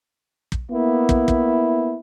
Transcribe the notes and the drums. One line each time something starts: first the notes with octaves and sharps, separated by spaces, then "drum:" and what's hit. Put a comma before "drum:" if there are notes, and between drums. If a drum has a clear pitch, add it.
drum: kick
A#3 B3 E4
drum: kick
drum: kick